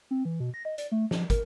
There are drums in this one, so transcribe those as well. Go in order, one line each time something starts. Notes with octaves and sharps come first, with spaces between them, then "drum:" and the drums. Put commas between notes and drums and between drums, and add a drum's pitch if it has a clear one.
C4
E3
B2
A#6
D#5
D5, drum: hi-hat
A3
F3, drum: snare
A#4, drum: kick, hi-hat